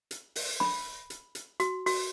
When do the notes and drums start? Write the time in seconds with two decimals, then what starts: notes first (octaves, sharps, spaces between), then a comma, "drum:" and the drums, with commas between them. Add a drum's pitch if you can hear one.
0.11 drum: hi-hat
0.36 drum: open hi-hat
0.60 B5, drum: snare
1.10 drum: hi-hat
1.35 drum: hi-hat
1.60 F#4, drum: hi-hat
1.86 F#4, drum: open hi-hat